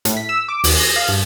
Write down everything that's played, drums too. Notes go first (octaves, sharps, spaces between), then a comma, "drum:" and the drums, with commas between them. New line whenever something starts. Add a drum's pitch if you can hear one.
A2, drum: hi-hat
B6
E6
D6
D#2, drum: open hi-hat
A#6
F5
G2